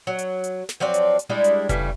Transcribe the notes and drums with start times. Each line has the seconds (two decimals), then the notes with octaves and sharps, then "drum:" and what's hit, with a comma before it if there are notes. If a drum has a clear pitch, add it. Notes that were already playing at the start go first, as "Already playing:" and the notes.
0.07 F#3
0.19 drum: hi-hat
0.44 drum: hi-hat
0.69 drum: snare
0.80 F3 F#3 C4 D5
0.94 drum: hi-hat
1.19 drum: hi-hat
1.29 G3 G#3 D4 E4
1.44 drum: hi-hat
1.69 C#3 E3 G3 A3, drum: kick F1, hi-hat